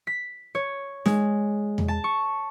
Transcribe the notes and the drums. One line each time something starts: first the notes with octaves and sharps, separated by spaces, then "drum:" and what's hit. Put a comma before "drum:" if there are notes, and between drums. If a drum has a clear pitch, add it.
B6
C#5
G#3, drum: snare D#4
drum: tom E2
A5
C#6